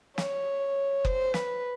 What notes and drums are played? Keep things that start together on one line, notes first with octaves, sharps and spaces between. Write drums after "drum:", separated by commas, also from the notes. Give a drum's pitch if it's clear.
C#5, drum: snare
C5, drum: kick F#1
B4, drum: snare